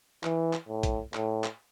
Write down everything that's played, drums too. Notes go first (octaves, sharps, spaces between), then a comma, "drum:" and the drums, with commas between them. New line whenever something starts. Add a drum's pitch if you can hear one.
E3, drum: clap
drum: clap
A2
drum: kick, hi-hat
A2, drum: clap
drum: clap